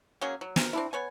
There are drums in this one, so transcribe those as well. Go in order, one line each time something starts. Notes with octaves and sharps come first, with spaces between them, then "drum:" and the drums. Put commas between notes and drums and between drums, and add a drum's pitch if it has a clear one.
F#3 A#3 C#4 G#4
F#3
C3 D4 A#4, drum: snare
C4 D4 E4
B3 C#5 G#5